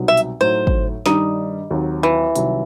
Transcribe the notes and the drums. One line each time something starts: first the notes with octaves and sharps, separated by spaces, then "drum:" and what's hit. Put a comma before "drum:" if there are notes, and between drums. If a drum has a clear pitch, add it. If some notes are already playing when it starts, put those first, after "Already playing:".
Already playing: C2 B2 F#3 C4 D#4
E5
drum: hi-hat
A2 F#3 A3 D#4 C5
drum: kick
G2 D#3 G3 D#4, drum: snare
D#2 D#3 F#3 C4
E3
C2 C3 D#3 F#3, drum: hi-hat